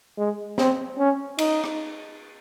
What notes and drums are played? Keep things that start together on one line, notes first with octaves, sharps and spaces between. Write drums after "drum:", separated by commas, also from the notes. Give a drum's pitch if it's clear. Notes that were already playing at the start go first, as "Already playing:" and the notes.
G#3
C4, drum: snare
C#4
D#4, drum: cymbal
drum: rim click